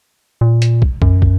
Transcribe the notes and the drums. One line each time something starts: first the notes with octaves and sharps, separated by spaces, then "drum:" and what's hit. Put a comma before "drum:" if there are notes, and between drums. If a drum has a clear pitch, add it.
A#2
drum: hi-hat
drum: kick
F#2, drum: kick
drum: kick